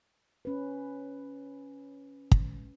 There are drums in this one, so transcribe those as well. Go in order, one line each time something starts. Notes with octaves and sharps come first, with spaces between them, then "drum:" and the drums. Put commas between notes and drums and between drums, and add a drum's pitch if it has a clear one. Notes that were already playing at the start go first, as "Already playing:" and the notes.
C#4 B4
drum: kick